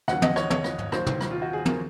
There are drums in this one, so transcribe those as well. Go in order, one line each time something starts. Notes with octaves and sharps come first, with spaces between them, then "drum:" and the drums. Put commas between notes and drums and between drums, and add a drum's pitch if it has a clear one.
D#2 C#3 F#3 F#5, drum: rim click
D#5, drum: tom
C#5, drum: rim click
C#5, drum: tom
drum: rim click
drum: tom
D#2 D#3 F#3 C5, drum: rim click
drum: tom
drum: rim click
F4
F#4
G#4
A#4, drum: tom